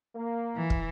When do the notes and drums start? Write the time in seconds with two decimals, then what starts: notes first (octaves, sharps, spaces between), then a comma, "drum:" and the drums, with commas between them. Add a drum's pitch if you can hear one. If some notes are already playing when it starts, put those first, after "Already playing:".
0.15 A#3
0.56 E3
0.70 drum: kick